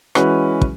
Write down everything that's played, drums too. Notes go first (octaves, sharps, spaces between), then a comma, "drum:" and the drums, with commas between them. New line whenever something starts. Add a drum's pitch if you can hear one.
E3 G#3 C#4 F#4 B4, drum: rim click
drum: kick